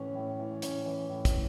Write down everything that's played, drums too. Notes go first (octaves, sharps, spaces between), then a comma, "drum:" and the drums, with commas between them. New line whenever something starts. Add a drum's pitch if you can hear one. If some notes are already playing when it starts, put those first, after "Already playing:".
Already playing: A2 E3 C#4
A2
E3
A2 C#4, drum: hi-hat
E3
A2
drum: kick, hi-hat